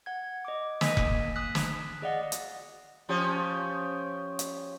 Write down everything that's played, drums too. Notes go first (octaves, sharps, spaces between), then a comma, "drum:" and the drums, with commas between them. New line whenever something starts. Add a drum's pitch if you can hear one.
F#5 G#6
D#5 D6
A#3 D#5 G#5 E6 B6, drum: snare
drum: kick F1
D#6 E6 F#6 B6
drum: snare
G#4 D5 D#5 F5 F#5
drum: hi-hat
F3 C#4 G4
drum: hi-hat